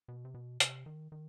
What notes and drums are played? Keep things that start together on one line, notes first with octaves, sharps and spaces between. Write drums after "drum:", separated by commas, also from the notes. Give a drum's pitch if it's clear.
B2
C3
B2
C3, drum: hi-hat
D#3
D#3